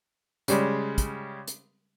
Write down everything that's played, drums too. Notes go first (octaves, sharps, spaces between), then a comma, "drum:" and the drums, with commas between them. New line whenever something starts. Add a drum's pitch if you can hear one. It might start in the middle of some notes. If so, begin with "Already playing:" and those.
C#3 G3 G#3, drum: hi-hat
drum: kick, hi-hat
drum: hi-hat